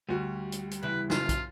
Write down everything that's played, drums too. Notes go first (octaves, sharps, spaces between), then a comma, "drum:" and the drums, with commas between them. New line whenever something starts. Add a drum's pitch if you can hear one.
D2 G3 F#4
drum: hi-hat
drum: hi-hat
E2 C#3 E4 B4
F#1 F#2 F4, drum: snare
drum: kick, hi-hat